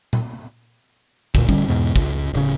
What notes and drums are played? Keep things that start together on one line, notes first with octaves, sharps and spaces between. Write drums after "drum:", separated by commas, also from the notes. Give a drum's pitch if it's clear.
drum: tom A#2
D2 A#2, drum: kick
D1 D3 G3 C#4, drum: kick
E2 G#2 B2
C#2, drum: kick
D1 C#3